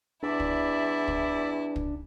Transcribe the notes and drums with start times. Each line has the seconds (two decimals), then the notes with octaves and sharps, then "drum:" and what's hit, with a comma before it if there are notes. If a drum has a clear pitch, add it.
0.23 E2 D4 E4 D5 E5
0.40 drum: kick
1.08 drum: kick
1.76 drum: kick